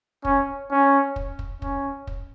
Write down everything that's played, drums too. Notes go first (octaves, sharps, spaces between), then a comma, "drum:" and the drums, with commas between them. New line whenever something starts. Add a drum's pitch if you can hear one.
C#4, drum: kick
C#4
drum: kick
drum: kick
C#4, drum: kick
drum: kick